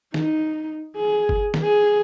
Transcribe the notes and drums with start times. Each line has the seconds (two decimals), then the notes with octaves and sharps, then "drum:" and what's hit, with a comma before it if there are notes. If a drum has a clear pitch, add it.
0.14 D#4, drum: snare
0.96 G#4
1.29 drum: kick G1
1.54 drum: snare
1.63 G#4